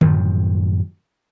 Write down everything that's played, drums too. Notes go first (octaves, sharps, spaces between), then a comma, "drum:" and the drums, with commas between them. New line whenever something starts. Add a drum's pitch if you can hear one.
F#2 A2 D#3 F3, drum: tom D3